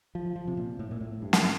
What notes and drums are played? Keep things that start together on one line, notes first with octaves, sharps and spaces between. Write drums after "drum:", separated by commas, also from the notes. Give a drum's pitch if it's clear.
F3
F3
C3
A#2
A2
A#2
A2
G2
drum: snare